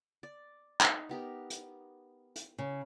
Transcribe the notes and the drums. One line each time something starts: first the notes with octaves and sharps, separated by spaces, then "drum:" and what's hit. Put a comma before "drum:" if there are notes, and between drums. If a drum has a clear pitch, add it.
D5
D#4, drum: clap
B3 G4 A#4
drum: hi-hat
drum: hi-hat
C#3